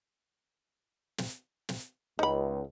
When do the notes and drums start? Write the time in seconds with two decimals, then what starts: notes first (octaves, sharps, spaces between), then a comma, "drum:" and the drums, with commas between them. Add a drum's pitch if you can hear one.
1.18 drum: snare
1.69 drum: snare
2.19 C#2 D#4 B5